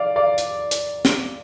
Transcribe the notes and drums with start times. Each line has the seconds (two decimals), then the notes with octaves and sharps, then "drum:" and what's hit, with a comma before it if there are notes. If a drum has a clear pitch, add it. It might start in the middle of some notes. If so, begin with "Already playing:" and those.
Already playing: D5 F5
0.16 D5 F5
0.38 drum: hi-hat
0.71 drum: hi-hat
1.05 drum: snare